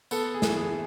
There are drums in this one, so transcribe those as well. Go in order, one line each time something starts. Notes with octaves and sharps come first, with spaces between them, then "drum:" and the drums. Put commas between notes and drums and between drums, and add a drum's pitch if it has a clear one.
B3 A4, drum: tambourine
G#4
E3, drum: snare
G#4